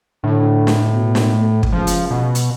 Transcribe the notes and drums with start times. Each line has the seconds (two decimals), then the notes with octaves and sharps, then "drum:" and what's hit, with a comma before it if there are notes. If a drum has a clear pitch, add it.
0.24 A2 D3
0.67 drum: snare
0.93 B2
1.15 drum: snare
1.34 A3
1.63 drum: kick
1.72 C#2 F3
1.87 drum: hi-hat
2.11 B2
2.35 drum: hi-hat